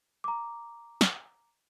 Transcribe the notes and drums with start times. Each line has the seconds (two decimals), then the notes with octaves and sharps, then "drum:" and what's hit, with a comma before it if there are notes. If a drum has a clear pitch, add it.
0.24 A#5 D6
1.01 drum: snare